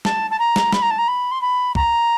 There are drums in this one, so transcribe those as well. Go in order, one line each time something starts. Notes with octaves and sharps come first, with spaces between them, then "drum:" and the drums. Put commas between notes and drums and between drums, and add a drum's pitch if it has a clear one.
A5, drum: snare
A5
A#5
drum: snare
B5, drum: snare
A#5
A5
A#5
B5
C6
B5
A#5, drum: kick